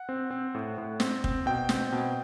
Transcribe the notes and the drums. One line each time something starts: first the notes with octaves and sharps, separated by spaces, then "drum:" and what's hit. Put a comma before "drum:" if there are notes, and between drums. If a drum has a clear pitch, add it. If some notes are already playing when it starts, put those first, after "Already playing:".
Already playing: F#5
C4
C4
A2
A2
C4, drum: snare
C4, drum: kick
B2 G5
C4, drum: snare
B2